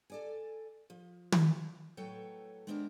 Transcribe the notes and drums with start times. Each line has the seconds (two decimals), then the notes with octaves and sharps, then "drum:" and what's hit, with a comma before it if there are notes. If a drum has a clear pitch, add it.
0.10 A4 D5 G#5
0.90 F3
1.32 drum: tom
1.97 A2 F#3 A4 B4 C#5 G5
2.67 G#3 B3 C4 D4 E4 A#4